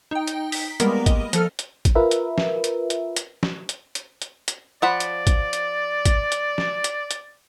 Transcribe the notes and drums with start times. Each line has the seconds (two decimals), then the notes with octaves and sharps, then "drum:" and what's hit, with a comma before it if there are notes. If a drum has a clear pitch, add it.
0.11 D#4 G5
0.27 drum: hi-hat
0.52 B6, drum: open hi-hat
0.80 G3 G#3 A#3 B3 A#4, drum: hi-hat
1.06 D#5, drum: kick, hi-hat
1.33 F3 A4 F6, drum: hi-hat
1.59 drum: hi-hat
1.85 drum: kick, hi-hat
1.95 F4 A#4 B4 E5
2.11 drum: hi-hat
2.38 drum: snare
2.64 drum: hi-hat
2.90 drum: hi-hat
3.16 drum: hi-hat
3.43 drum: snare
3.69 drum: hi-hat
3.95 drum: hi-hat
4.22 drum: hi-hat
4.48 drum: hi-hat
4.82 F3 D5 F#5 B5
5.00 drum: hi-hat
5.27 drum: kick, hi-hat
5.53 drum: hi-hat
6.05 drum: kick, hi-hat
6.32 drum: hi-hat
6.58 drum: snare
6.84 drum: hi-hat
7.11 drum: hi-hat